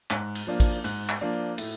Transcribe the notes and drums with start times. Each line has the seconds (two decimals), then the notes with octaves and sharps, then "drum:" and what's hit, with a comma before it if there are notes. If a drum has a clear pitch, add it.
0.10 G#2 F#6, drum: clap
0.35 drum: cymbal
0.47 F3 A#3 D4
0.60 drum: kick, cymbal
0.84 G#2 F#6, drum: cymbal
1.09 drum: clap
1.21 F3 A#3 D4
1.58 A2, drum: cymbal